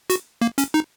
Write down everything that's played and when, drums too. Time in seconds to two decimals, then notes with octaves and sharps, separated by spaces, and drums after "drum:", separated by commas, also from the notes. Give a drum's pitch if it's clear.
0.10 F#4, drum: hi-hat
0.42 A#3
0.58 C#4, drum: hi-hat
0.74 D#4